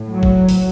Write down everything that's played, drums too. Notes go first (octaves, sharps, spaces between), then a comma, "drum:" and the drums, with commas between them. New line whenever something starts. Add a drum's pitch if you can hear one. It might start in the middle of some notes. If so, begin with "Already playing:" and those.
Already playing: A2
F#3
drum: kick G1
drum: open hi-hat